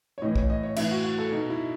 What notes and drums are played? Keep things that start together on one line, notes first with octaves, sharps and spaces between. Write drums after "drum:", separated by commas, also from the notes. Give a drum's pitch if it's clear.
C#5
A2 E3 D#5
C#5, drum: kick B1
D#5
C#5
A2 E3 E5, drum: cymbal
F#4
F#4
A4
B2 D#4
E4